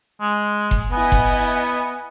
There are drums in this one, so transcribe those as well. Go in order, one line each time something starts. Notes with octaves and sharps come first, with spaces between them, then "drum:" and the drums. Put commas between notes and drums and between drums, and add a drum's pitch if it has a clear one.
G#3
drum: kick F#1
B3 E4 D#5 G#5
drum: kick F#1